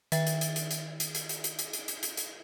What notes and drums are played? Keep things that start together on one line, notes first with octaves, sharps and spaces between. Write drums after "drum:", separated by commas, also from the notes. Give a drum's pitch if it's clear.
D#3 E5 A6, drum: hi-hat
drum: hi-hat
drum: hi-hat
drum: hi-hat
drum: hi-hat
drum: hi-hat
drum: hi-hat
drum: hi-hat
drum: hi-hat
drum: hi-hat
drum: hi-hat
drum: hi-hat
drum: hi-hat
drum: hi-hat